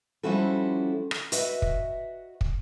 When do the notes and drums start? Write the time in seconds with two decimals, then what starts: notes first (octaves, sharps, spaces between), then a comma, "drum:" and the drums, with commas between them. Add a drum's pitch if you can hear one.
0.23 F3 G3 C#4 E4 F#4 A4
1.11 drum: rim click
1.32 F#4 B4 D#5 E5, drum: hi-hat
1.62 drum: kick
2.41 drum: kick